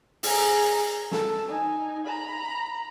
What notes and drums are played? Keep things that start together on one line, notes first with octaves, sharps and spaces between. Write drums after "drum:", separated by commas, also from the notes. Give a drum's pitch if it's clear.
G#4 A#5, drum: open hi-hat
A4, drum: snare
D#4 G#5
A#5 B5